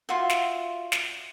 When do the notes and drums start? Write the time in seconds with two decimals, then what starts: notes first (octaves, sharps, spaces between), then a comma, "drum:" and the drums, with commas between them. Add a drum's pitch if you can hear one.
0.09 F4 F#4 E5
0.29 drum: snare
0.92 drum: snare